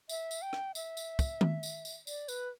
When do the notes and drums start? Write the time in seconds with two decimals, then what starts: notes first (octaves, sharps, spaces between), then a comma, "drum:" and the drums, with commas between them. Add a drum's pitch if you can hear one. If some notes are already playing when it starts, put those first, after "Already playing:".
0.09 E5, drum: tambourine
0.31 drum: tambourine
0.42 G5
0.53 drum: rim click
0.75 E5, drum: tambourine
0.97 drum: tambourine
1.19 drum: kick, tambourine
1.41 drum: tom D#3
1.63 drum: tambourine
1.85 drum: tambourine
2.07 D5, drum: tambourine
2.28 B4, drum: tambourine